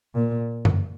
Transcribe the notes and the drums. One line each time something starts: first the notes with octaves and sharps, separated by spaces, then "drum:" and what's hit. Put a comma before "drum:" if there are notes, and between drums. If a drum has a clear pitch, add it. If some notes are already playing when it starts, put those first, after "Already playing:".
A#2
drum: tom F#2